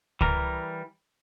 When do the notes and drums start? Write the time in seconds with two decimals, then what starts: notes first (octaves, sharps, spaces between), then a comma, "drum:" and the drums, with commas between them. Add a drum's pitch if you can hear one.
0.21 E3 G3 A#4, drum: kick C#2